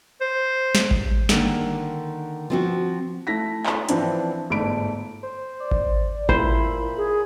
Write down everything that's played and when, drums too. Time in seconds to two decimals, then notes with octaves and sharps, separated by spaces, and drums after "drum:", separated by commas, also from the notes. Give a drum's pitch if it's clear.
0.21 C5
0.75 drum: snare
0.91 drum: kick G#1
1.29 D3 D#3 A#3, drum: snare
2.50 F3 C4 F#4
3.27 A3 E4 A#6 B6
3.66 drum: clap
3.89 E3 F3 C4 D4 E4, drum: hi-hat
4.50 G1 G#2 A3 B5 D7
5.23 C5
5.60 D5
5.72 drum: kick G#1
6.29 A#2 E4 C5 B5, drum: kick G#1
6.97 G#4